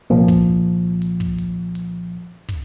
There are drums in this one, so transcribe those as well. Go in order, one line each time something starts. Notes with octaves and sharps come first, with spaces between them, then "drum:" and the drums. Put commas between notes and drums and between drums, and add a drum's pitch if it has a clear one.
C2 A#2 F3
drum: kick, hi-hat
drum: hi-hat
drum: kick
drum: hi-hat
drum: hi-hat
drum: kick, hi-hat